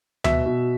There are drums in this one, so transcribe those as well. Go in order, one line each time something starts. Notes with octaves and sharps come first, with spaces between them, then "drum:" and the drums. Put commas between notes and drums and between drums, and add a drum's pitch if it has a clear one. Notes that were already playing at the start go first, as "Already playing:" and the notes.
B2 E5, drum: tom D2
B2